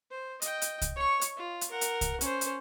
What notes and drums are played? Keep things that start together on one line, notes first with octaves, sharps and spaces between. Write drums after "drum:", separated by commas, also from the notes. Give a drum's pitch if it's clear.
C5
D#5 G5, drum: hi-hat
drum: hi-hat
drum: kick C2, hi-hat
C#5 C#6
drum: hi-hat
F4
drum: hi-hat
A#4 F#5
drum: hi-hat
drum: kick C2, hi-hat
C#4 C5, drum: hi-hat
drum: hi-hat